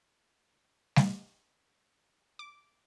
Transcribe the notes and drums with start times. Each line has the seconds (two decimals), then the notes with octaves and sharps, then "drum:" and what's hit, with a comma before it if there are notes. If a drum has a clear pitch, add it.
0.96 drum: snare G3
2.39 D6